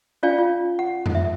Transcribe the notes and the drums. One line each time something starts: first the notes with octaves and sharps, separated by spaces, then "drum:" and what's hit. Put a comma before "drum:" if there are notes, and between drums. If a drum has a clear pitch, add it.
C#4 F4 D5 F5 G#5
F4
F#5
drum: tom F2
E5